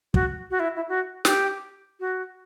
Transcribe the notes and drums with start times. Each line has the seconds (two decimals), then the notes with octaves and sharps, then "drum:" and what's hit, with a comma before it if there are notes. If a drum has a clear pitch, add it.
0.14 F#4, drum: kick
0.51 F#4
0.60 E4
0.76 E4
0.89 F#4
1.25 G4, drum: snare
2.00 F#4